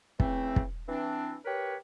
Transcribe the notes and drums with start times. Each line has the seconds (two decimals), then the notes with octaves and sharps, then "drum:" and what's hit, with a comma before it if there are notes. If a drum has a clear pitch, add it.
0.20 C#3 E3 A3 C4, drum: kick
0.56 drum: kick
0.88 E3 C4 D4
1.45 G4 A#4 B4 C#5